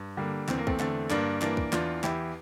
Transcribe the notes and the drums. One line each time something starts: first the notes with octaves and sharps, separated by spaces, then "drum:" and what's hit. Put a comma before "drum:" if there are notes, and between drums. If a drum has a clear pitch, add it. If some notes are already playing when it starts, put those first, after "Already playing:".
Already playing: G2
D3 G3 A#3
E2 C4, drum: clap
A#3
A3 C4, drum: kick
D3 A3 C4, drum: clap
G2 A#3 D4, drum: clap
E3 A#3 D4, drum: clap
drum: kick
E2 D4 F4, drum: clap
E2 E4 G4, drum: clap